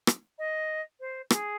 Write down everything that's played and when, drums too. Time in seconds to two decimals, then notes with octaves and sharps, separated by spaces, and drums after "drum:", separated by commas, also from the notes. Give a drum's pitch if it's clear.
0.07 drum: rim click
0.38 D#5
1.00 C5
1.30 G#4, drum: rim click